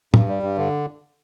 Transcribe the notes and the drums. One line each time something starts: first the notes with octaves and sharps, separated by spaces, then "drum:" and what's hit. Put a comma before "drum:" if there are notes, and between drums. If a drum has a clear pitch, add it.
G2, drum: tom
G3
G2
D3